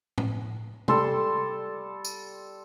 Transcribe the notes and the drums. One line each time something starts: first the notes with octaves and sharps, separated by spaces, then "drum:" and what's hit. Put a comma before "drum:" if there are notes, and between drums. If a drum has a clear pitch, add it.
drum: tom A2
G3 A4 C6, drum: tom
drum: tambourine